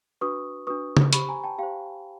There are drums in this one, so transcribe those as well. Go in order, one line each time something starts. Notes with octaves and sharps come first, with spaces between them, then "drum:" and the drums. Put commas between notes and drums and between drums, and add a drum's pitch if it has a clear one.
D4 F#4 B4 C#6 D#6
D4 F#4 B4 C#6 D#6
drum: tom C#3
G4 C5 B5 C#6, drum: hi-hat
G#5 A#5
G5 A5
G4 C5 F5 G5